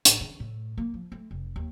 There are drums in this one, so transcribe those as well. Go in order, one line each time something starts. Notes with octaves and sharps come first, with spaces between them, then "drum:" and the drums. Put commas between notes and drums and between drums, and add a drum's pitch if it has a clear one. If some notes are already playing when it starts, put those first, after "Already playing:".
A1, drum: hi-hat
D#3
A2
A#3
F3
A3
F1
D#2